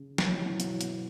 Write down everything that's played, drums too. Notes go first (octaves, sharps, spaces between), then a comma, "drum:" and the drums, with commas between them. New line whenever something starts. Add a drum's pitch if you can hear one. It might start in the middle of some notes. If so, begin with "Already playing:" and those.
Already playing: C#3
F#3, drum: snare
E3
F#3
B2 E3, drum: hi-hat
drum: hi-hat